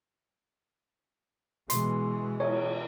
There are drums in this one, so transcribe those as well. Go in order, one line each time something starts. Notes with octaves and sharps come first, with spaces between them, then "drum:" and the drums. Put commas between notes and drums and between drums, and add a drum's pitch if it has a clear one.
B2 E3 G#3 C6, drum: hi-hat
C#5, drum: cymbal